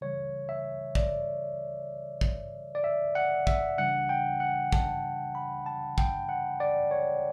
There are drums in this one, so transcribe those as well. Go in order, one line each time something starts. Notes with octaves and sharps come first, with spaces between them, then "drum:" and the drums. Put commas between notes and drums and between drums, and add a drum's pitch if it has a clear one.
C#3 E3 G3 C#5
E5
D5, drum: kick
drum: kick
D5
E5
F#5
E5, drum: kick
C#3 E3 G3 D4 F#5
G5
F#5
A5, drum: kick
B5
A5
G5, drum: kick
F#5
D5
C#5